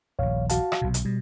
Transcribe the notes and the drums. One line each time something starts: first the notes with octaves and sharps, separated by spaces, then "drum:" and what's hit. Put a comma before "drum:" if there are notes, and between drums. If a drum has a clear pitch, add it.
D#1 A#1 C#5 F5
F#4 F5 A5, drum: hi-hat
drum: rim click
B1 C3
drum: hi-hat
B2 G3